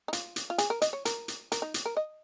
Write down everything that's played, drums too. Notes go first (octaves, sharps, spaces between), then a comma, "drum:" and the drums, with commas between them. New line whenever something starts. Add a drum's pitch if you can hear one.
D#4
F4, drum: hi-hat
drum: hi-hat
F4
G#4, drum: hi-hat
A#4
D#5, drum: hi-hat
C#5
A#4, drum: hi-hat
drum: hi-hat
A#4, drum: hi-hat
D#4
drum: hi-hat
A#4
D#5